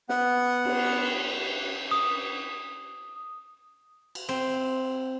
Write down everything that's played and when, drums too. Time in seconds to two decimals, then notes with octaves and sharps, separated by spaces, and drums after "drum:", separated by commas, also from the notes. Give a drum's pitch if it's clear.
0.09 B3 F#5, drum: snare
0.65 drum: cymbal
1.91 D#6
4.15 drum: cymbal
4.29 C4